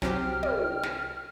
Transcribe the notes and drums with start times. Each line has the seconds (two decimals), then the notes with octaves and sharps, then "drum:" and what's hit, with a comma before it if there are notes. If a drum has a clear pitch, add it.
0.02 C2 F#3 C4 G4 G5 F6, drum: snare
0.43 drum: tom
0.83 drum: snare